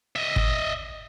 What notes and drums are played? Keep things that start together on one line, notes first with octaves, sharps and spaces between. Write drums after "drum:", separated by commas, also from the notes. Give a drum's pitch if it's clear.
D#5 E5
drum: kick